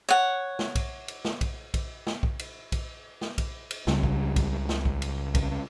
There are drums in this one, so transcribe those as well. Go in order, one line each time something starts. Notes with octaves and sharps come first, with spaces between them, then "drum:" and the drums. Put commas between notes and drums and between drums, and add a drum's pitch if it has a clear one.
C#5 F#5
drum: snare
drum: kick B1, cymbal
drum: cymbal
drum: snare
drum: kick B1, cymbal
drum: kick B1, cymbal
drum: snare
drum: kick B1
drum: cymbal
drum: kick B1, cymbal
drum: snare
drum: kick B1, cymbal
drum: cymbal
C#2 C#3 G3, drum: snare
drum: kick B1
drum: kick B1, cymbal
drum: snare
drum: kick B1
drum: cymbal
drum: kick B1, cymbal